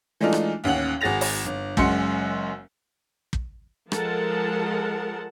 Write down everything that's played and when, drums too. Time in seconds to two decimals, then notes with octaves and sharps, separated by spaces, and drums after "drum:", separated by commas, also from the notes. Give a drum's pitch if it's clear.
0.21 E3 G#3 A3 D4 D#4 F4
0.33 drum: rim click
0.64 A1 D#2 C#4 F#5 F#7
1.01 G#1 F#4 G#4 A6 A#6 F7
1.21 drum: open hi-hat
1.45 G1
1.77 F#1 F#2 G#3 F#4 C6 C#7, drum: kick
3.33 drum: kick
3.92 F3 G#3 A4 A#4 F#5 A5, drum: rim click